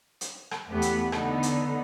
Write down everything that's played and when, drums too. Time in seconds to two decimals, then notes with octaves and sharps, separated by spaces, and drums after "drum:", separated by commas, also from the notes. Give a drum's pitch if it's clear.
0.21 drum: hi-hat
0.51 drum: rim click
0.70 E2 A3 B3 G4
0.82 drum: hi-hat
1.12 D3 B3 D#4, drum: rim click
1.43 drum: hi-hat